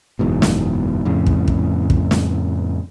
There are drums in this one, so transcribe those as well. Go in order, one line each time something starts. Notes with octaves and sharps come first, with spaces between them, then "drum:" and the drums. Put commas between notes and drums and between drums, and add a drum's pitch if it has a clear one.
F#1 E2 G#2 B2
drum: snare
F2 A2 C#3
drum: kick
drum: kick
drum: kick
drum: snare